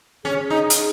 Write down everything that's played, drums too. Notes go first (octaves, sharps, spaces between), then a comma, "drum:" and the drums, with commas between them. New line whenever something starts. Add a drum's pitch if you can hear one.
C#4 G#4
D#4
drum: hi-hat